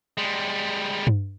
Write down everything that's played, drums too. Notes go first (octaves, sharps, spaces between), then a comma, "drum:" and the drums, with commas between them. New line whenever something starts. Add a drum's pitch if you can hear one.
G3 G#3
drum: tom G2